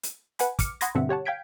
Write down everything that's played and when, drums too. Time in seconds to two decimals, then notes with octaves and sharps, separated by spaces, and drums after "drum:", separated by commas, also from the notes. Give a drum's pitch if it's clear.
0.03 drum: hi-hat
0.39 B4 F#5 G#5 B5, drum: hi-hat
0.59 D6 F6 C#7, drum: kick, hi-hat
0.81 F#5 B5 C6 D#6 G#6 A#6, drum: hi-hat
0.95 G2 B2 D3 C4 E5 F#5
1.09 G4 C#5 F#5 A5
1.26 F5 G5 G6 G#6 B6 D7